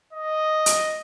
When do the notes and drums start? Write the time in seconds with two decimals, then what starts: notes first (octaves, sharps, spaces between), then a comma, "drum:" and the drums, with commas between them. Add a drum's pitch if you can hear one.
0.13 D#5
0.66 drum: hi-hat